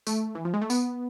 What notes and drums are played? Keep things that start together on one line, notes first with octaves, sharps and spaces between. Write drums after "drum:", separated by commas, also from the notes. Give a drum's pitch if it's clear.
A3, drum: tambourine
E3
F3
G#3
A3
B3, drum: tambourine